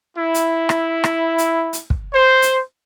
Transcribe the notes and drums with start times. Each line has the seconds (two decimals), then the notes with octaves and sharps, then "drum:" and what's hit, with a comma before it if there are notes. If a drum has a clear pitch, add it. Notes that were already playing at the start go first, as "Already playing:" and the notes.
0.17 E4
0.34 drum: hi-hat
0.69 drum: rim click
1.04 drum: rim click
1.38 drum: hi-hat
1.73 drum: hi-hat
1.90 drum: kick
2.14 C5
2.42 drum: hi-hat